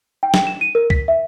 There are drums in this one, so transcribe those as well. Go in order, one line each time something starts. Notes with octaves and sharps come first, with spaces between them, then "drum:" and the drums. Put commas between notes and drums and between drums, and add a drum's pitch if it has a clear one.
G5
drum: snare
E7
D#7
A#4
B6, drum: kick
E5